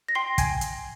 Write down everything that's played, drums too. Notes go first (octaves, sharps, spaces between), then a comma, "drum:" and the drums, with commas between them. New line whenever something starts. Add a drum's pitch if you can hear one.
A#6
G5 C6 C7
G5 G#5 G#6, drum: kick, hi-hat
drum: hi-hat